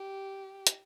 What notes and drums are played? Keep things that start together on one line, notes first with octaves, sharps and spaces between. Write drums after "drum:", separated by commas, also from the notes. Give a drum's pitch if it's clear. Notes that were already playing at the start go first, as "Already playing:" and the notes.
Already playing: G4
drum: hi-hat